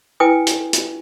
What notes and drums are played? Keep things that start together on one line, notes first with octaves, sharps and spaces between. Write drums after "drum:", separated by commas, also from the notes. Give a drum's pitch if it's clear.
E4 B4 G5 G#5 D#6
drum: hi-hat
drum: hi-hat